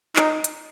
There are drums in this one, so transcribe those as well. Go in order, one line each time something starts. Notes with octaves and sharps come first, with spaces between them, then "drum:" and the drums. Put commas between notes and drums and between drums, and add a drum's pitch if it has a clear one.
D#4, drum: clap
drum: hi-hat